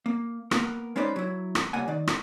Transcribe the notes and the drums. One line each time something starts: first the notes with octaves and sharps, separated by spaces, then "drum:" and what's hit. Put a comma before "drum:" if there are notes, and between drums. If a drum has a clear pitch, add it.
A#3
A#3 B3 A#4, drum: rim click
G#3 C#4 D#4 B4 C5 D5
F#3 E4
drum: rim click
C#2 G3 A#3 F#5 G#5
D#3 D5
drum: rim click